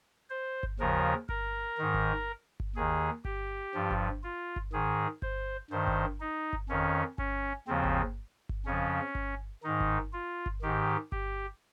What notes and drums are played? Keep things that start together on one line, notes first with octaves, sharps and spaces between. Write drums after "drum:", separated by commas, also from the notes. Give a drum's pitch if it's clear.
C5
drum: kick G1
D#2 C#3 F3 A#4
A#4, drum: kick G1
G#2 D#3
drum: kick G1
drum: kick G1
D#2 D#3 G#4
G4, drum: kick G1
G2 F3
drum: kick G1
F4
drum: kick G1
G#2 D#3 G#4
C5, drum: kick G1
G2 D#3 C5
drum: kick G1
D#4
drum: kick G1
F2 D#3 C#4
C#4, drum: kick G1
D#2 C#3 F3 C4
drum: kick G1
drum: kick G1
F2 C#3 F3 C#4
drum: kick G1
G#2 D#3 D#4
drum: kick G1
F4
drum: kick G1
G#2 D#3 G4
G4, drum: kick G1